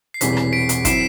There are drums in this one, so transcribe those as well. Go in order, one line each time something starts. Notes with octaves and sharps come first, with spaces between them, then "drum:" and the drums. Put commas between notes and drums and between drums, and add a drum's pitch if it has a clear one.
C7
E1 E2 C3 E3 G3 B6, drum: hi-hat
drum: rim click
B6 D7
drum: hi-hat
F#3 C4 E4 C7 E7, drum: kick, hi-hat